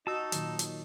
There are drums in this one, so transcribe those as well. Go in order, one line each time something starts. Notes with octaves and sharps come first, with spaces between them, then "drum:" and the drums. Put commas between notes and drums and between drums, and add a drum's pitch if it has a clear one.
D#4 F#4 A5 E6
A#2 D#3 F#3, drum: hi-hat
drum: hi-hat